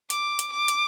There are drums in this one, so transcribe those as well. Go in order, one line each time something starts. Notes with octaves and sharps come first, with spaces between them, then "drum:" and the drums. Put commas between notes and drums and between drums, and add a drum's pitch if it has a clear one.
D6, drum: hi-hat
drum: hi-hat
D6
drum: hi-hat